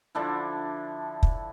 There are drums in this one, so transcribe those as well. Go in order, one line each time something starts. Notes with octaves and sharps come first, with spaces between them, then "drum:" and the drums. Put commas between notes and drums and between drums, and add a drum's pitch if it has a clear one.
D3 F3 D4 E4
drum: kick